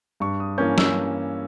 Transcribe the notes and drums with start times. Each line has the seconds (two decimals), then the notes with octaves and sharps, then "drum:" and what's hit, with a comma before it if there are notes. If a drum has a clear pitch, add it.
0.20 G2 C#6
0.40 D#6
0.58 E3 A#3 C#4 G6
0.78 E6, drum: snare